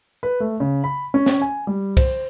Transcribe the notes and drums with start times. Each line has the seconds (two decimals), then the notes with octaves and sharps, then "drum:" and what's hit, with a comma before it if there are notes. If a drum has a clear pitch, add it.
0.23 B4
0.40 A3
0.60 C#3
0.84 B5
1.14 C#4
1.26 drum: snare
1.42 G#5
1.67 G3
1.97 C5, drum: kick, cymbal